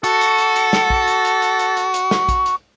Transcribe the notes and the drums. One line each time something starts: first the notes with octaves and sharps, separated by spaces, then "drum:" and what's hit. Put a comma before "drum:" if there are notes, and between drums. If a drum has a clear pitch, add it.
F#4 A4, drum: hi-hat
drum: hi-hat
drum: hi-hat
drum: hi-hat
drum: snare
drum: kick
drum: hi-hat
drum: hi-hat
drum: hi-hat
drum: hi-hat
drum: hi-hat
drum: hi-hat
drum: snare
drum: kick, hi-hat
drum: hi-hat